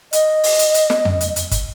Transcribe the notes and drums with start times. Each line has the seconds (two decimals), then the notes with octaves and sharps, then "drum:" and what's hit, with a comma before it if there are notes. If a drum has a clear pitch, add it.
0.13 D#5, drum: hi-hat
0.44 drum: open hi-hat
0.59 drum: hi-hat
0.74 drum: hi-hat
0.90 drum: snare
1.05 drum: tom F2
1.21 drum: hi-hat
1.36 drum: hi-hat
1.51 drum: kick, hi-hat